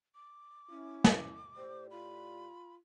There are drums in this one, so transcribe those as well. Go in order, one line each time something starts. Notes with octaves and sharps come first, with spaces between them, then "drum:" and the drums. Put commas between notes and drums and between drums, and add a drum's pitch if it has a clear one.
D6
C#4 E4
drum: snare
A2 G4 C5 D5
F4 B5